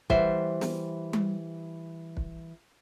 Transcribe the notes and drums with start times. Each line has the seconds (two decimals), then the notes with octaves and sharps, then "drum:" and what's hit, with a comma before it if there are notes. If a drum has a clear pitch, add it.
0.10 E3 G3 C5 E5 F#5, drum: kick
0.61 drum: snare
1.13 drum: tom G3
2.17 drum: kick